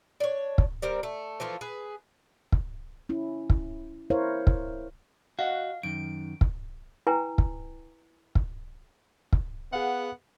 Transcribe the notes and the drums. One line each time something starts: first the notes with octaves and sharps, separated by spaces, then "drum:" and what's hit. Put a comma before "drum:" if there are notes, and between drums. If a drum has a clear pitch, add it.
D4 C#5
drum: kick
G3 C4 A#4
A3
E3 F3 A3 F4
G#4 B4
drum: kick
C#4 E4
drum: kick
E4 A#4 C5 C#5 F5
drum: kick
F#4 D#5 F5 F#5
F#2 D#3 D7
drum: kick
E4 B4 G5 G#5 A#5
drum: kick
drum: kick
drum: kick
B3 G#4 F5 F#5